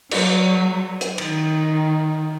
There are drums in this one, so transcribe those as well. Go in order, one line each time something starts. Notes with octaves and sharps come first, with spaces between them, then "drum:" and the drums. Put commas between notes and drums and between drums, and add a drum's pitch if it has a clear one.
F#3, drum: cymbal
drum: hi-hat
D#3, drum: cymbal